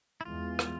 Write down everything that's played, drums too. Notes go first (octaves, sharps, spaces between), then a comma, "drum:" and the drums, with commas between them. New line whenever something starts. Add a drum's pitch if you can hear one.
E4
E2 E3 G#3 F4
drum: rim click